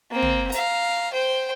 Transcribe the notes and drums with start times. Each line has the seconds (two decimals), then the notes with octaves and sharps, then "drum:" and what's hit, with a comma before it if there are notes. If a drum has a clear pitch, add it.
0.11 A#3 C4
0.22 drum: tom
0.52 F5 A#5, drum: hi-hat
1.12 C5 G5